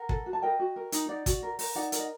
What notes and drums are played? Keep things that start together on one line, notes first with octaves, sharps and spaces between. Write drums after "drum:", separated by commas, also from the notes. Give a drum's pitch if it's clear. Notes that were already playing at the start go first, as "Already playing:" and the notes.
Already playing: A#4 F#5
A4, drum: kick
F#4
A5
A#4 D#5 G5
F#4
A#4
D#4, drum: hi-hat
D#4 D5 F#5
F#4, drum: kick, hi-hat
A#4
A#4, drum: open hi-hat
D#4 D5 F#5
A#4, drum: hi-hat
D#5